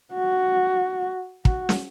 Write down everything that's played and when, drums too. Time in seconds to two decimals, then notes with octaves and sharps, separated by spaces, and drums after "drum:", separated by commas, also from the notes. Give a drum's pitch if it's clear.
0.14 F#4
1.45 F#4, drum: kick
1.69 drum: snare